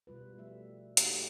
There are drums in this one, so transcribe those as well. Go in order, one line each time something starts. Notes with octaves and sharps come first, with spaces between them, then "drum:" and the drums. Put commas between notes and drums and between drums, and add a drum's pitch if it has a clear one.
B2 G3 F4 B4
F3 G3 A3 E5
A3 A#3 D#4 F#4 G4, drum: hi-hat